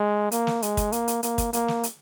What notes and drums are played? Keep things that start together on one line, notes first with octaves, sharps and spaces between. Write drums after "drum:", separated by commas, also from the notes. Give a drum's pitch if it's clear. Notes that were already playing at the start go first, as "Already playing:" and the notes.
Already playing: G#3
A#3, drum: hi-hat
drum: snare
G#3, drum: hi-hat
drum: kick, hi-hat
A#3, drum: hi-hat
drum: hi-hat
A#3, drum: hi-hat
drum: kick, hi-hat
A#3, drum: hi-hat
drum: snare
drum: hi-hat